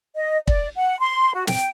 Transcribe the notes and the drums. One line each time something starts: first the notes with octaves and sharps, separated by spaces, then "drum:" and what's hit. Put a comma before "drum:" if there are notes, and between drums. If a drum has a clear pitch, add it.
D#5
D5, drum: kick
F#5
C6
F#4
G5, drum: snare